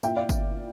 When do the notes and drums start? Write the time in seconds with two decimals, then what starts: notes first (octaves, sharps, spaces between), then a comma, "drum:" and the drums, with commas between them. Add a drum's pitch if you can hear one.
0.03 A#2 E5 G5, drum: tambourine
0.16 D5 F5
0.29 drum: kick G1, tambourine